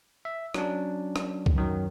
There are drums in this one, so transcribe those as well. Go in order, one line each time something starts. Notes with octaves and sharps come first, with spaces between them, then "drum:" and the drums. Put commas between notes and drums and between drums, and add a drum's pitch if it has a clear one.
E5
F#3 C#4 D4, drum: rim click
drum: rim click
drum: kick
F#2 D#3 F#3